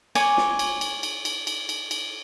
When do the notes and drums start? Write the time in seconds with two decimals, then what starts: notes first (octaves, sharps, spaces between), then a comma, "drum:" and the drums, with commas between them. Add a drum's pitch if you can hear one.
0.15 C#5 G#5 D6, drum: cymbal
0.37 drum: snare
0.59 drum: cymbal
0.81 drum: cymbal
1.03 drum: cymbal
1.25 drum: cymbal
1.47 drum: cymbal
1.69 drum: cymbal
1.91 drum: cymbal